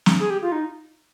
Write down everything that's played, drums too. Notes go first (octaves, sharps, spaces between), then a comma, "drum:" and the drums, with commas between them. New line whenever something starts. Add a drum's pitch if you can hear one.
drum: snare
G#4
G4
F4
D#4